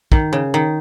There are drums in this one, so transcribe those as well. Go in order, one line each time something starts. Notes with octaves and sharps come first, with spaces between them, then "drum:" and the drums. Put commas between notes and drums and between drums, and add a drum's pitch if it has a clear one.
D#3, drum: kick
C#3
D#3